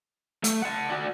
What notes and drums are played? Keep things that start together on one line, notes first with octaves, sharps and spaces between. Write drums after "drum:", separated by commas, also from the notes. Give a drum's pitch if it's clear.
A3, drum: hi-hat
F#5 A5
F#4 D5